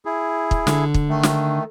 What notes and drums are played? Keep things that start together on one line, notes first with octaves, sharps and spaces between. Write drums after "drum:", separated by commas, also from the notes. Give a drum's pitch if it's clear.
E4 G#4
drum: kick
D3, drum: snare
drum: kick
D#3 A3
drum: snare